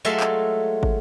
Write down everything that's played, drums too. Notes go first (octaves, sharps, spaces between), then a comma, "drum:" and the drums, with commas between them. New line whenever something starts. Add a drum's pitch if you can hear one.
F#3 G#3 A3 F4 E5 C6
drum: clap
drum: kick